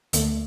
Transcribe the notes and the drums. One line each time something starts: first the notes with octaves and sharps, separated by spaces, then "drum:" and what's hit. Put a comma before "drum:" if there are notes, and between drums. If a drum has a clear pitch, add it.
D2 D3 A3, drum: hi-hat